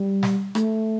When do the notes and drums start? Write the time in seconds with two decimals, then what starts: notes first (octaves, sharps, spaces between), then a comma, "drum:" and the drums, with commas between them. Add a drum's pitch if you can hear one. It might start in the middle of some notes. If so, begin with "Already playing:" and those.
Already playing: G3
0.23 drum: snare
0.55 A3, drum: rim click